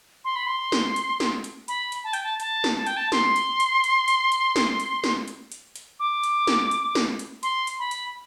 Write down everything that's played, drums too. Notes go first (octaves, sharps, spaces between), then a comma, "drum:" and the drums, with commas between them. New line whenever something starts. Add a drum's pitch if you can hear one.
C6
B5
C6
drum: snare
drum: hi-hat
drum: snare
drum: hi-hat
B5, drum: hi-hat
drum: hi-hat
A5
G5, drum: hi-hat
A5
A5, drum: hi-hat
drum: snare
A5
G5, drum: hi-hat
A5
C6, drum: snare
drum: hi-hat
drum: hi-hat
drum: hi-hat
drum: hi-hat
drum: hi-hat
drum: snare
drum: hi-hat
drum: snare
drum: hi-hat
drum: hi-hat
drum: hi-hat
D6
drum: hi-hat
drum: snare
drum: hi-hat
drum: snare
drum: hi-hat
C6, drum: hi-hat
drum: hi-hat
B5
drum: hi-hat